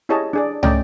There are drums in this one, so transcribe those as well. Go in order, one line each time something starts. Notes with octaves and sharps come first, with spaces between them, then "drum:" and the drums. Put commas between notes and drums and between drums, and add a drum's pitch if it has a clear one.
E4 G4 G#4 C#5 D#5 A5
D4 G#4 D5
A3 C#4 D5 D#5 G5, drum: tom